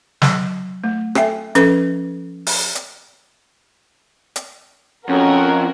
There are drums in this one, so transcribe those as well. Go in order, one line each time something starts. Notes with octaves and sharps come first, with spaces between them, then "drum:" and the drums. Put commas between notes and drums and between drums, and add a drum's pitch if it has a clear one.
F#3, drum: snare
A3
A4 E5 G5 G#5, drum: rim click
F3 C#4 A4 B4, drum: hi-hat
drum: open hi-hat
drum: hi-hat
drum: hi-hat
F2 C#4 F#4 A#4